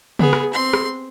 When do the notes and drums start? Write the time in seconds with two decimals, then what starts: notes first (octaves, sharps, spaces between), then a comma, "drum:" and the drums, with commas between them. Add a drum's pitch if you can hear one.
0.19 B3 G#4, drum: tom C#3
0.33 drum: rim click
0.53 C4 C6
0.73 drum: rim click